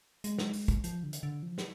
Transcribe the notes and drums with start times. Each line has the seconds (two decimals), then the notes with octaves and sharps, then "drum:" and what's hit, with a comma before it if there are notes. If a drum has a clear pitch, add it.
0.24 G#3, drum: hi-hat
0.38 drum: snare
0.53 drum: open hi-hat
0.68 drum: kick, hi-hat
0.84 F3, drum: hi-hat
1.03 D3
1.13 drum: hi-hat
1.23 D3
1.43 F3
1.58 drum: snare